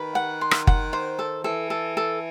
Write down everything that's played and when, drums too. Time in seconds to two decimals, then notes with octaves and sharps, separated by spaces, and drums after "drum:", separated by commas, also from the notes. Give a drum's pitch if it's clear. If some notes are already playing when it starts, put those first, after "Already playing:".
Already playing: D#3 B4
0.15 F#5
0.41 C6
0.51 drum: rim click
0.67 F#5, drum: kick F#1
0.93 C5
1.19 A4
1.44 E3 A4
1.70 A4
1.97 A4